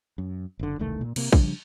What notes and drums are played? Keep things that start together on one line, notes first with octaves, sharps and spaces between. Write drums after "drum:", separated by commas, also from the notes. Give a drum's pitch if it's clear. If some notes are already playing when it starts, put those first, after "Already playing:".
F#2
F#1 D3
E1 C2 D#3 A3
A#2
C3 A#3, drum: cymbal
C#3 F3 G3 D4, drum: kick